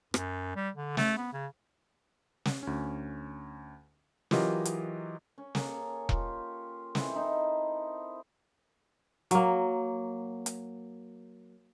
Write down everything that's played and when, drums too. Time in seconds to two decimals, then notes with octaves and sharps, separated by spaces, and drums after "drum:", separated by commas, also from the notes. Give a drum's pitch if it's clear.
0.14 F#2, drum: rim click
0.55 G3
0.76 D3
0.97 A3, drum: snare
1.17 B3
1.33 C#3
2.45 drum: snare
2.63 D2 C#4
4.31 E3 F#3 F4 G4 A#4 D#5, drum: snare
4.65 drum: hi-hat
5.38 C#4
5.55 A#3 G#4 A4 C#5, drum: snare
6.09 F4 G4, drum: kick E1
6.95 E3 C4 A4 E5, drum: snare
7.16 D#4 E4 C5
9.31 F#3 A#3, drum: hi-hat
10.46 drum: hi-hat